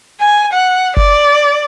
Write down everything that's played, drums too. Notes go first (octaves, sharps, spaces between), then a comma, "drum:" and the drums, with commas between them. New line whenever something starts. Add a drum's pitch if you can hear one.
G#5
F#5
D5, drum: kick F#1